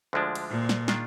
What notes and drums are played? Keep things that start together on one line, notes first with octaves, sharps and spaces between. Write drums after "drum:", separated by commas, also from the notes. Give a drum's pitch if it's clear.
D2 D3 F3 G#3 D4
drum: cymbal
A#2
drum: snare
D#3 G#3 D4 F4, drum: snare